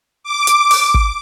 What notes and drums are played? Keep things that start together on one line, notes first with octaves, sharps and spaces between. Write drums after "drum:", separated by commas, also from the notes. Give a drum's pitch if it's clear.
D6
drum: hi-hat
drum: open hi-hat
drum: kick